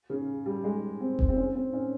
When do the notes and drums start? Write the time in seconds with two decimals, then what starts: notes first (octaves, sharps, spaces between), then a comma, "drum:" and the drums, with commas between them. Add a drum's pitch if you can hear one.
0.10 C#3
0.46 G3
0.64 G#3
1.00 C4
1.19 drum: kick F1
1.29 C4
1.36 C#4
1.55 C4
1.73 C#4